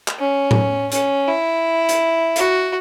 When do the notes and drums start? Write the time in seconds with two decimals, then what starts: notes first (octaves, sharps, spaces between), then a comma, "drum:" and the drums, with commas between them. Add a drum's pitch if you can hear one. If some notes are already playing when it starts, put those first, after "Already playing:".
0.08 drum: clap
0.19 C#4
0.51 drum: tom A2
0.92 C#4, drum: hi-hat
1.28 E4
1.89 drum: hi-hat
2.36 F#4, drum: hi-hat